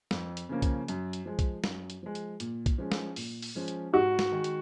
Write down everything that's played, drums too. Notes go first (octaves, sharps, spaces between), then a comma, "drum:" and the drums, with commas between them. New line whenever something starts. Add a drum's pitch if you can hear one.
F2, drum: snare
drum: hi-hat
C#3 F3 A#3 C#4
drum: kick B1, hi-hat
F#2, drum: hi-hat
drum: hi-hat
F3 G#3
drum: kick B1, hi-hat
F#2, drum: snare
drum: hi-hat
F3 G#3
drum: hi-hat
A#2, drum: hi-hat
drum: kick B1, hi-hat
F3 G#3 C#4
drum: snare
A#2, drum: open hi-hat
drum: open hi-hat
F3 G#3 C#4
drum: hi-hat
G#2 F#4
drum: snare
D#3 G#3
drum: hi-hat